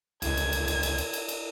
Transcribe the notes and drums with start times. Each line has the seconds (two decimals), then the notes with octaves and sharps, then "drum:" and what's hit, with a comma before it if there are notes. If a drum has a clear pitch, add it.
0.22 C#2 G#6, drum: cymbal
0.37 drum: cymbal
0.52 drum: cymbal
0.68 drum: cymbal
0.83 drum: cymbal
0.98 drum: cymbal
1.13 drum: cymbal
1.29 drum: cymbal